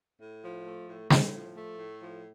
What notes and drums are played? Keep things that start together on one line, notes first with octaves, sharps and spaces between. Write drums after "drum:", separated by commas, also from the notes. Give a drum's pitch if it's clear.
A2
F3
A3
A2
A2, drum: snare
F3
A3
A2
F3